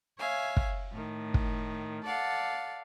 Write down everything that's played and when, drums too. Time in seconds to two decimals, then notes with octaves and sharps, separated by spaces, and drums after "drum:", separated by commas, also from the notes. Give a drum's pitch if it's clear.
0.19 C#5 E5 F5 G#5
0.57 drum: kick
0.91 A2 D#3
1.34 drum: kick
2.05 A4 D5 F5 F#5